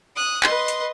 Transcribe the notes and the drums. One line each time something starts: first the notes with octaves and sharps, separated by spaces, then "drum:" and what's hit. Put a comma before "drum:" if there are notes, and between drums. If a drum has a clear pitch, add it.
D#6 F#6
B4 D#5 C6, drum: clap
drum: hi-hat